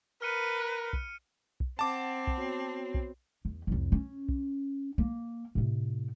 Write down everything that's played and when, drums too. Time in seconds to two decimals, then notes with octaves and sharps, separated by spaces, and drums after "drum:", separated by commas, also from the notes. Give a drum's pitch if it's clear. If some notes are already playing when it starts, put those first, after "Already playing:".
0.22 A#4 B4 F6 C#7 D#7
0.93 drum: kick
1.60 drum: kick
1.79 C4 F#5 A5 D6
2.27 drum: kick
2.37 B3 F#4 C#5
2.94 drum: kick
3.45 E2
3.67 C2 F2
3.92 C#4
4.29 drum: kick
4.98 A#3, drum: kick
5.55 A2 C3